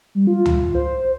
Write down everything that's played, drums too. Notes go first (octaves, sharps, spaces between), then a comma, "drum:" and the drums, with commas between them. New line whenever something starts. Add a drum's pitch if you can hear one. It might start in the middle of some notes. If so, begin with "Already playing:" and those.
G3
F4
drum: tom C#2
C5